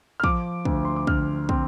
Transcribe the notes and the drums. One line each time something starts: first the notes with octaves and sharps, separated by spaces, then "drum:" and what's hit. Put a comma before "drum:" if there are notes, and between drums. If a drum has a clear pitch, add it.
F6
F3 D6, drum: kick
D2, drum: kick
C6
D6
D3 F6, drum: kick
C4, drum: kick